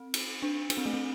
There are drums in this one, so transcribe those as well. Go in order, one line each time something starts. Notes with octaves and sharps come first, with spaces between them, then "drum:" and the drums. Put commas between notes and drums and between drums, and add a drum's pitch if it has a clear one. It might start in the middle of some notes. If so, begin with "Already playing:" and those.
Already playing: C4
drum: cymbal
D4
D4, drum: cymbal
C4
A3
C4